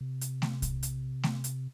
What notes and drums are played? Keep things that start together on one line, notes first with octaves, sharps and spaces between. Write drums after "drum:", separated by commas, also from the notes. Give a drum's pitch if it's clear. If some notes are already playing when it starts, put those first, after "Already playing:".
C3
drum: hi-hat
drum: snare A3
drum: kick B1, hi-hat
drum: hi-hat
drum: snare A3
drum: hi-hat